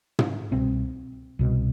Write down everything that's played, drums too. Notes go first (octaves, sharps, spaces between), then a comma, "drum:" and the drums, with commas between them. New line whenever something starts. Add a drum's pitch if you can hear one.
drum: tom
C2 B2 C4
C2 B2